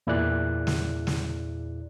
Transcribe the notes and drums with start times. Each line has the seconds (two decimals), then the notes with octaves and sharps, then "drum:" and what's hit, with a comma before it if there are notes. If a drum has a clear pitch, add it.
0.07 E2 A#2 E4 G#4 D5 F#6
0.67 drum: snare
1.07 drum: snare